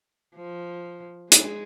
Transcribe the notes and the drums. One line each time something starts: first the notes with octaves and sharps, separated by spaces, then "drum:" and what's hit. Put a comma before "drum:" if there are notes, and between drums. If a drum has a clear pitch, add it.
F3
G#3, drum: hi-hat